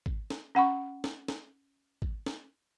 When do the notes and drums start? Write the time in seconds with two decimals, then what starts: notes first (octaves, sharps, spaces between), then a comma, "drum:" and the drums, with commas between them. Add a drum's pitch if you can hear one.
0.06 drum: kick G#1
0.30 drum: snare
0.55 C#4 F#5 B5 C#6
1.04 drum: snare
1.28 drum: snare
2.02 drum: kick G#1
2.26 drum: snare